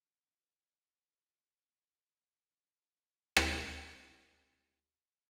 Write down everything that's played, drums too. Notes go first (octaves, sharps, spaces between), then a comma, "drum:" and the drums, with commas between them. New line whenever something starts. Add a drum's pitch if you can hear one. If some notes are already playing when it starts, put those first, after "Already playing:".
D3 D#3 C#4 A#4 C5
F4
D4
drum: rim click
G#3 C4 F#4